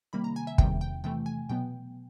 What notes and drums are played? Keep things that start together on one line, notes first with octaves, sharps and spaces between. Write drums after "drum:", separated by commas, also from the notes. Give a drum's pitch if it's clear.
C3 D#3 G3 A#3 B5
A#5
G#5
E5
E2 C3 D#3 G3 G5, drum: kick
G5
C3 E3 A3 G5
G#5
B2 F#3 B3 G5